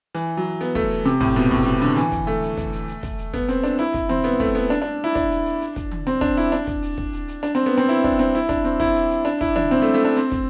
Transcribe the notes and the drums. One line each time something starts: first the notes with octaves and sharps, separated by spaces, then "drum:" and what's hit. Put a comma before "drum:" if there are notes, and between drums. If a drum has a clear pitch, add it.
E3, drum: hi-hat
F#3
B3, drum: hi-hat
A3, drum: kick, hi-hat
drum: hi-hat
C3
A2, drum: kick, hi-hat
B2, drum: hi-hat
A2, drum: kick, hi-hat
B2, drum: hi-hat
D3, drum: hi-hat
E3, drum: hi-hat
drum: kick, hi-hat
A3
drum: hi-hat
drum: kick, hi-hat
drum: hi-hat
drum: hi-hat
drum: kick, hi-hat
drum: hi-hat
B3, drum: kick, hi-hat
C4, drum: hi-hat
D4, drum: hi-hat
E4, drum: hi-hat
drum: kick, hi-hat
C4, drum: tom D#3
B3, drum: hi-hat
A3, drum: kick, hi-hat
B3, drum: hi-hat
D4, drum: hi-hat
D4
E4
D4, drum: kick, hi-hat
drum: hi-hat
drum: hi-hat
drum: hi-hat
drum: kick, hi-hat
drum: tom D#3
C4
D4, drum: kick, hi-hat
E4, drum: hi-hat
D4, drum: hi-hat
drum: kick, hi-hat
drum: hi-hat
drum: kick
drum: hi-hat
drum: hi-hat
D4, drum: hi-hat
C4
B3
C4
E4, drum: hi-hat
D4, drum: kick, hi-hat
C4, drum: hi-hat
E4, drum: hi-hat
D4, drum: kick, hi-hat
C4, drum: hi-hat
E4, drum: kick, hi-hat
drum: hi-hat
drum: hi-hat
D4, drum: hi-hat
E4, drum: kick, hi-hat
D4, drum: tom D#3
C4, drum: hi-hat
A3
A3
D4
C4, drum: hi-hat
drum: kick, hi-hat